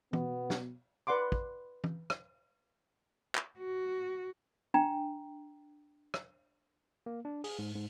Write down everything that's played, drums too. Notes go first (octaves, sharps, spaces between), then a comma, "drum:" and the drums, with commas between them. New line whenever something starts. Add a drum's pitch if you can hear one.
B2 B3, drum: tom
drum: snare
B4 D5 F#5 C6 D6
drum: kick
drum: tom
drum: rim click
drum: clap
F#4
D4 G5 A#5
drum: rim click
A#3
D4
G#4, drum: open hi-hat
G#2
G#2